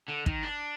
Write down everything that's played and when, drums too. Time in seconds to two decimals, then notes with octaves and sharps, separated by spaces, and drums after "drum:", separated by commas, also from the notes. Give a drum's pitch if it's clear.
0.08 D3
0.26 D#3, drum: kick
0.43 D4